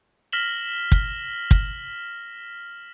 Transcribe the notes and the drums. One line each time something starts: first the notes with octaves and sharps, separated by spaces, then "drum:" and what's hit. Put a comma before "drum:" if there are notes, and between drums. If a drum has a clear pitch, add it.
F6 A#6 B6 E7 F#7 G7
drum: kick
drum: kick